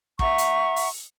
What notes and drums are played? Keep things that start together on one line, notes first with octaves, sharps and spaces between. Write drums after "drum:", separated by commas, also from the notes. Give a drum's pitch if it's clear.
E5 F#5 A#5 C#6, drum: kick
drum: hi-hat
drum: open hi-hat